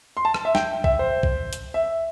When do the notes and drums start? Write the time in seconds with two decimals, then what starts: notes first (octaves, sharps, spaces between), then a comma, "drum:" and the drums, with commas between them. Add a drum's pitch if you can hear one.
0.17 C6
0.25 A5
0.34 drum: rim click
0.45 E5
0.55 G5, drum: snare
0.84 E5, drum: kick B1
0.99 C5
1.23 drum: kick B1
1.53 drum: hi-hat
1.74 E5